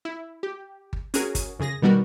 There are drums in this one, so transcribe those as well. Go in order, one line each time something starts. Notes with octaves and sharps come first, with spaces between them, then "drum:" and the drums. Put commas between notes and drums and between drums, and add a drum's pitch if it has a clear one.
E4
G4
drum: kick G1
C#4 F#4 G#4 A#4, drum: hi-hat
drum: kick G1, hi-hat
F#2 C#3 G#4 A#6
B2 D#3 G3 B3 F#4 A#4